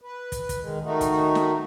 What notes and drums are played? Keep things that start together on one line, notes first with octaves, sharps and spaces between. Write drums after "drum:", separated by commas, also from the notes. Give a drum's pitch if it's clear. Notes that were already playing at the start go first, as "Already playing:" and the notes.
B4
drum: kick, hi-hat
drum: kick, hi-hat
D#3 G#3
D#3 A3 D#4 F#4
drum: kick, hi-hat
drum: snare